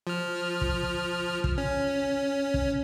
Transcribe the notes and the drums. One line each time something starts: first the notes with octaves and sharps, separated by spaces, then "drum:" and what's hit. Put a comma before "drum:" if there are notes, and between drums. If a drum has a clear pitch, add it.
F3 F6
drum: kick
drum: kick
C#4
drum: kick